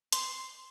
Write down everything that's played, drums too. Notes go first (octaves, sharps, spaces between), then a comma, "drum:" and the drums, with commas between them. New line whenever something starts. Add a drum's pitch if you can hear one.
C6, drum: hi-hat